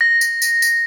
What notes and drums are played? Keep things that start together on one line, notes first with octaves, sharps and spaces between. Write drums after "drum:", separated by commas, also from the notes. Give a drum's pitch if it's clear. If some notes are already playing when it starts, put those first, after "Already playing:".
A#6
drum: tambourine
drum: tambourine
drum: tambourine